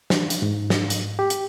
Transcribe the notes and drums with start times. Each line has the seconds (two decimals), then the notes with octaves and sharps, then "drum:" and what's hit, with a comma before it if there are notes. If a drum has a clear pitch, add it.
0.10 E3, drum: snare
0.30 drum: hi-hat
0.42 G#2
0.70 drum: snare
0.90 drum: hi-hat
1.19 G4
1.30 drum: hi-hat